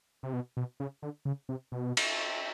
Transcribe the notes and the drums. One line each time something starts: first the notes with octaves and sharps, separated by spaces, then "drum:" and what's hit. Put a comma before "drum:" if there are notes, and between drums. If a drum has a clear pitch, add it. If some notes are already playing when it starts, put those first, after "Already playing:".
C3
B2
B2
C#3
D3
C#3
C3
B2
drum: cymbal